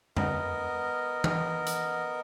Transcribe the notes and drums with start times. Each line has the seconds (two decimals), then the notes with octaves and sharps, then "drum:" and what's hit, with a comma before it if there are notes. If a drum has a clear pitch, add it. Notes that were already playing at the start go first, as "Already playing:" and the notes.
0.17 B3 A#4 D#5, drum: tom F2
1.24 drum: tom E3
1.66 drum: hi-hat